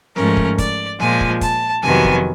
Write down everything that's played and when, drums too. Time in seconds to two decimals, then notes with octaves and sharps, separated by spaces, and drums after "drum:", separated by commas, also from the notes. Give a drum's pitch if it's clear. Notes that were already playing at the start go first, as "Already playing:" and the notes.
0.16 G#2 F3 A3 C#4 A#4, drum: snare
0.37 drum: kick
0.58 D5, drum: kick, hi-hat
1.00 A#2 F3 G#3 G#5, drum: snare
1.21 drum: kick
1.41 A5, drum: kick, hi-hat
1.83 F2 C3 D#3 F#3 B3 G#5, drum: snare
2.04 drum: kick